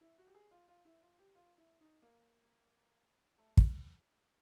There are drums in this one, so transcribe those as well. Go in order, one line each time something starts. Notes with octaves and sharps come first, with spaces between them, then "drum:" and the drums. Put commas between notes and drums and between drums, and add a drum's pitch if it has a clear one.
E4
F#4
G4
G#4
F4
F4
E4
F4
G4
F4
E4
D#4
A#3
A3
drum: kick